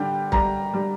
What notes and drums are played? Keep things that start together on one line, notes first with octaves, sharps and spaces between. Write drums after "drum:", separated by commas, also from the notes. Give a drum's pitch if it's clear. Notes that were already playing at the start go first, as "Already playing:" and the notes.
Already playing: D3 G3 G5
G3 A#5, drum: kick
G3